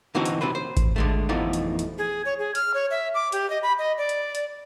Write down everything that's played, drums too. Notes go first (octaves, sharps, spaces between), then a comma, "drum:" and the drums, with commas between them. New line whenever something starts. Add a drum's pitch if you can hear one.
D3 E3 C4 D#4 F#4
drum: hi-hat
B1 C3 B4 C5
C5
drum: kick A1, hi-hat
D3 G#3 A3
F2 B2 E3 F3 A3 D#4
drum: hi-hat
drum: hi-hat
G#4
C#5
G#4
F6, drum: hi-hat
C#5
E5
D6
G4, drum: hi-hat
D#5
B5
D#5
D5
drum: hi-hat
drum: hi-hat